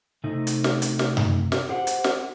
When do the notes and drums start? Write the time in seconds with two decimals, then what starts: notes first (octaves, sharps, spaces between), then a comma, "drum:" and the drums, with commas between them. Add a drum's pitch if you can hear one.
0.24 C3 A3 D#4
0.47 drum: hi-hat
0.64 drum: snare
0.82 drum: hi-hat
0.99 drum: snare
1.17 drum: tom F#2
1.52 drum: snare
1.69 G4 C5 F#5
1.87 drum: hi-hat
2.04 drum: snare